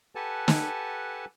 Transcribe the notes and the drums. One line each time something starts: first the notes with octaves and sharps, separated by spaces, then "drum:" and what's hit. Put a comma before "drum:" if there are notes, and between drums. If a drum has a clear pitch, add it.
G4 A4 B4 F#5 G#5 A5
drum: snare